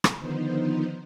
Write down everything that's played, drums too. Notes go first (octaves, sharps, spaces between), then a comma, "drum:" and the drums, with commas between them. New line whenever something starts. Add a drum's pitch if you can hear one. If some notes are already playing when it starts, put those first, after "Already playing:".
drum: rim click
D3 D#3 F3 B3 D#4 C5